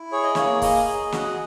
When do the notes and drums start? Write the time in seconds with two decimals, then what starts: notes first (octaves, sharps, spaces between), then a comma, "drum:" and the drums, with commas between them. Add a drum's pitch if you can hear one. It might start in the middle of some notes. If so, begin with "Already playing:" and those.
Already playing: E4
0.12 G#4 C#5
0.23 D#5
0.35 A#3 C#5, drum: snare
0.62 G#4 D#5, drum: kick, open hi-hat
0.87 G#4
1.12 F#4, drum: snare